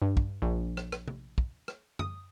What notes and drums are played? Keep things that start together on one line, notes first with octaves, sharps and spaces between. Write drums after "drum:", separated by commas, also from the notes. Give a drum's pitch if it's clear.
G2
drum: kick
A#1
drum: rim click
drum: rim click
drum: tom C3
drum: kick
drum: rim click
D#6, drum: tom F#2